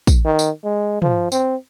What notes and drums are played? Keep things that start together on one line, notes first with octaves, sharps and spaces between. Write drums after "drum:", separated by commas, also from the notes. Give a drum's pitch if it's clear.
drum: kick, tambourine
D#3
drum: tambourine
G#3
F3, drum: tom
C4, drum: tambourine